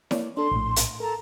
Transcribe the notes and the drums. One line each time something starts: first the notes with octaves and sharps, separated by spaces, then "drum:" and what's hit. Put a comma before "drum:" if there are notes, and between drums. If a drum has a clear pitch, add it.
A#3 C#5 D5, drum: snare E4
D4 A4 C6
A#1 A2
drum: hi-hat
A4 A#4 A5 A#5